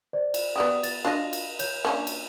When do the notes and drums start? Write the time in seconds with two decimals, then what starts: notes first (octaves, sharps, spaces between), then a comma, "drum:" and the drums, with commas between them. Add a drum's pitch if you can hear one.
0.13 C5 D5
0.34 drum: cymbal
0.56 B3 F#4 G4 D5 D#6
0.83 A6, drum: cymbal
1.05 D4 F4 F#4 D#5 F5 A#6
1.33 drum: cymbal
1.59 C#5 G6, drum: cymbal
1.85 A#3 C#4 D4
2.07 drum: cymbal